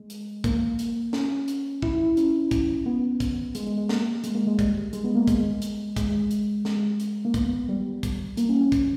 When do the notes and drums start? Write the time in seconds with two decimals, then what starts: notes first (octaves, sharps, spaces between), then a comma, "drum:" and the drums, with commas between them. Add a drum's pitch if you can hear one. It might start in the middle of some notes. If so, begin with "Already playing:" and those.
Already playing: G#3
0.10 drum: hi-hat
0.44 A#3, drum: kick, hi-hat
0.79 drum: hi-hat
1.13 C#4, drum: snare
1.48 drum: hi-hat
1.82 E4, drum: kick
2.17 C#4, drum: hi-hat
2.51 drum: kick, hi-hat
2.86 B3
3.20 drum: kick, hi-hat
3.55 G#3, drum: hi-hat
3.66 G#3
3.78 G#3
3.89 A#3, drum: snare
4.24 G#3, drum: hi-hat
4.35 A#3
4.47 G#3
4.59 G3, drum: kick, hi-hat
4.93 G#3, drum: hi-hat
5.04 B3
5.15 A#3
5.27 G#3, drum: kick, hi-hat
5.62 drum: hi-hat
5.96 G#3, drum: kick, hi-hat
6.31 drum: hi-hat
6.65 G#3, drum: snare
7.00 drum: hi-hat
7.25 A#3
7.34 B3, drum: kick, hi-hat
7.69 G3
8.03 drum: kick, hi-hat
8.37 A#3, drum: hi-hat
8.49 C#4
8.60 C#4
8.72 C#4, drum: kick, hi-hat